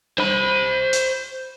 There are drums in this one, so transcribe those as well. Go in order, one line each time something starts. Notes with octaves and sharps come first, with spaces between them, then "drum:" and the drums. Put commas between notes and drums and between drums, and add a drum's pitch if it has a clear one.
C5 B5, drum: tom
drum: hi-hat